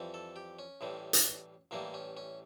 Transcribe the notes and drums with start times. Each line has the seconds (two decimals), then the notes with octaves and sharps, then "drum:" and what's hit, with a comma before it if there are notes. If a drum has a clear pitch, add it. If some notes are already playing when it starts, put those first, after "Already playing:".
Already playing: F2 E3 G3
0.14 A4
0.36 G4
0.59 C#4
0.81 A1 A2 E3 G3
1.13 drum: hi-hat
1.71 A1 A2 E3 G3 A#3
1.94 C#4
2.17 C#4